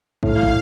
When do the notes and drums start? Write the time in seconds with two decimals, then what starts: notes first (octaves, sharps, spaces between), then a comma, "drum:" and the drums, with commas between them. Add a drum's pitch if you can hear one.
0.23 A2 F5, drum: kick
0.43 drum: kick